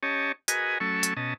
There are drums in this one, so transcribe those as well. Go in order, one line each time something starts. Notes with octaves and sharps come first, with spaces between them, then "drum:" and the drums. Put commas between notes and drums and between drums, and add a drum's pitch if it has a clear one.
C#4 G4 C#5 D#5 A5
F#4 G#4 A#4 B4 D#5 G#5, drum: hi-hat
F#3 A3 C#4 A4 C#6 E6
drum: hi-hat
B2 C#4 D#5 A5